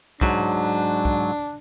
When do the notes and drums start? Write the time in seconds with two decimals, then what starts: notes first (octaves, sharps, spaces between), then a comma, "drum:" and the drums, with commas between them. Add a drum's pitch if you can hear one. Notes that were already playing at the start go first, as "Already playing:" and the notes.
0.21 G#2 F#3 D4, drum: kick
1.05 drum: kick